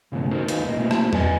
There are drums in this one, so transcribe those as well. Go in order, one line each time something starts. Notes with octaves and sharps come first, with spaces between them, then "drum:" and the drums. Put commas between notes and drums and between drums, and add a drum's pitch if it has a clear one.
G2 C#3 E3 A3 B3
D#4 F#4 A4 A#4 C5
D#2 D#4 F4 B4, drum: hi-hat
C2 A#2 D#4 A#4 D#5
A3 A#3 C4 E4 F#4
drum: rim click
A#4 B4 D5 D#5 G#5, drum: tom